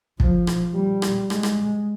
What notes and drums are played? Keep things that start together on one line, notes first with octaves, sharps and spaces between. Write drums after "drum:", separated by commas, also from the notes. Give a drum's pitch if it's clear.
F3, drum: kick
drum: rim click
G3
drum: rim click
G#3, drum: rim click
drum: rim click